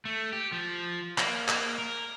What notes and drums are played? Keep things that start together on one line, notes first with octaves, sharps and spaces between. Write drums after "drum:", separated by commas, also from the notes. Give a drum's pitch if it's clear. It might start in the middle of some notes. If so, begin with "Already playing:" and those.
A3
G4
F3
A#3, drum: clap
drum: clap
A#4